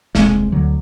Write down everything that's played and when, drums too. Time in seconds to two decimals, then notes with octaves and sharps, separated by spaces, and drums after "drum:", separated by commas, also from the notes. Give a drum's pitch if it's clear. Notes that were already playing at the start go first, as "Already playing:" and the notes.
0.15 D#1 C2 C3 G#3, drum: snare
0.52 D2 D3 F#3